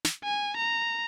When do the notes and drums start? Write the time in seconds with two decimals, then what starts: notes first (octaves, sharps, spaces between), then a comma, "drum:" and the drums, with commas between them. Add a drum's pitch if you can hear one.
0.04 drum: snare
0.24 G#5
0.57 A#5